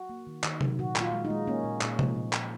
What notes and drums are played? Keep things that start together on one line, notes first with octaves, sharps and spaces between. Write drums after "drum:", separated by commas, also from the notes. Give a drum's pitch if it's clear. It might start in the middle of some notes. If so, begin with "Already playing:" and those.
Already playing: F#4
A#3
D#3
D#3, drum: clap
F#3, drum: tom C3
A#2 F#4
A#2 F4, drum: clap
G#3
D#4
G#3
A#3 C#4
A#2
A#2, drum: clap
F3, drum: tom C3
A#2
A#2, drum: clap